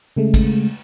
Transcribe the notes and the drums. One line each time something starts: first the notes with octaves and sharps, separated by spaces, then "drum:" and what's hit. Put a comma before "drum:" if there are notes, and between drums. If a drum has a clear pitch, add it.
C#3 G#3 A3
drum: kick, cymbal